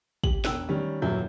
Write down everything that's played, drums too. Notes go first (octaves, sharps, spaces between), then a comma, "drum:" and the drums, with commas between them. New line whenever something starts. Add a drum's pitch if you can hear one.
G4 F#7, drum: kick
E1 G5 E6 F#6, drum: snare
D#3 G3 C#4
D#1 F#2 E3 F#3 E4 G6